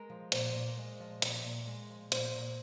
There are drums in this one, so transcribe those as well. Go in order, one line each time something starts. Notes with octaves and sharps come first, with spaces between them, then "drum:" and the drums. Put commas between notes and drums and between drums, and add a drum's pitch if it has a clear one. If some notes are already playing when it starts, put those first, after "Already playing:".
Already playing: G#3 A#4
F3
A#2 C5, drum: hi-hat
A#2
G#3
F3
A#2, drum: hi-hat
A#2
G#3
F3
A#2 C5, drum: hi-hat
A#2